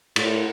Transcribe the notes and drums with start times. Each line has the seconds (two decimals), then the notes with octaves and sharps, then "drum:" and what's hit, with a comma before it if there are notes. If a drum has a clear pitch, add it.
0.16 A2, drum: cymbal